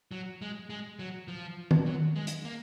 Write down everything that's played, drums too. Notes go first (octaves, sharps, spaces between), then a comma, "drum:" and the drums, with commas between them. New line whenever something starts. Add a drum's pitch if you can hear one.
F#3
G#3
G#3
F#3
F3
drum: tom D#3
F#3
G#3
drum: hi-hat
A#3